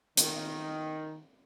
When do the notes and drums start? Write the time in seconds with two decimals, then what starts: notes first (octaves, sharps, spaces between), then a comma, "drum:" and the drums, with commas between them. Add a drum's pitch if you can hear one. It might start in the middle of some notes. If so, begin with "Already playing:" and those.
0.17 D#3, drum: hi-hat